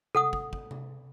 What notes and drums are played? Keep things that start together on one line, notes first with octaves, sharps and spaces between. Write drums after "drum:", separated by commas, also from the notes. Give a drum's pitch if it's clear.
A4 F#5 D#6, drum: tom C3
drum: kick
drum: kick
drum: tom C3